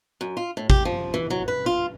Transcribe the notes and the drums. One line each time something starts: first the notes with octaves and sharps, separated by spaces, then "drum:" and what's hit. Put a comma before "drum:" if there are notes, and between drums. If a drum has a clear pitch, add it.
F#2
F4
A2
G4, drum: kick
F3
E3
F#3
B4
F4